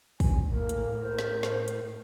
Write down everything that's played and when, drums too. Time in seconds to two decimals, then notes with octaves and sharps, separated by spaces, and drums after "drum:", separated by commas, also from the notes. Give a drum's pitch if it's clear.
0.20 G#5, drum: kick, open hi-hat
0.51 A2 A#3 A#4
0.69 drum: hi-hat
1.02 C5
1.19 drum: snare
1.43 drum: snare
1.68 drum: hi-hat